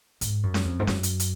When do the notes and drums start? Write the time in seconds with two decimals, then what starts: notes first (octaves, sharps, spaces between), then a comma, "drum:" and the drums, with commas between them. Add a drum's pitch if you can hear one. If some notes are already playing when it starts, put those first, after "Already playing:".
0.21 G#2, drum: hi-hat
0.43 F#2
0.54 drum: snare C#4
0.65 F2
0.80 G#2
0.87 F#2, drum: snare C#4
1.03 drum: hi-hat
1.20 drum: hi-hat